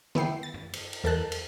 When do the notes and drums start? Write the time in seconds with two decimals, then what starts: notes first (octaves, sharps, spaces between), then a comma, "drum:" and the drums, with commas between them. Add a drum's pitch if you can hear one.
0.15 B3 E4 G5 C7, drum: tom D3
0.43 A6
0.54 drum: tom F#2
0.73 drum: cymbal
0.93 drum: cymbal
1.04 E2 A4 A#4 A5 F#6
1.32 drum: cymbal